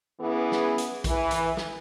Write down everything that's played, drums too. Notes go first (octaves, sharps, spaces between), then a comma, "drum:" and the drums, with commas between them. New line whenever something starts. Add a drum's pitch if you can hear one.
E3 B3 C#4 E4 G#4 B4
drum: snare
drum: hi-hat
E3, drum: kick A#1, hi-hat
drum: hi-hat
drum: snare